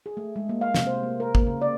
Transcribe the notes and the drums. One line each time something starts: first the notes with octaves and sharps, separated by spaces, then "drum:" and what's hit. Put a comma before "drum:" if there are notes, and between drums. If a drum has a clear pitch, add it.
G#4
A3
G#3
A#3
F5
C3, drum: snare
C5
A#3
A#4
A#3, drum: kick
C#3
D5